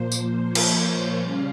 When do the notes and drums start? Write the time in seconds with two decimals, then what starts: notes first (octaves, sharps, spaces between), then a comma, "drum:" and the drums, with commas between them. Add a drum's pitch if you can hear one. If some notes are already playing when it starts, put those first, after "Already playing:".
Already playing: A#2 F3 A#3 C5
0.12 drum: tambourine
0.46 C#5
0.55 drum: cymbal
1.19 C#3 G3 C#4 F5